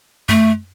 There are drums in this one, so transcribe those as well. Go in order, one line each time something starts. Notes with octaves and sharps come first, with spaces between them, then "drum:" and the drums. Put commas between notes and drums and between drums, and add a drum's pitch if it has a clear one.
A3, drum: tom F#2